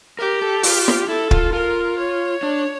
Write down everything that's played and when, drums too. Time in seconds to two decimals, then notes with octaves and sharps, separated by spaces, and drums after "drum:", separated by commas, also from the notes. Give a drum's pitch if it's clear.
0.19 G4 A#4
0.42 A4
0.63 F4, drum: open hi-hat
0.88 drum: snare
1.09 E4 A4
1.31 F4, drum: kick
1.53 F4 A#4
1.98 C#5
2.43 D4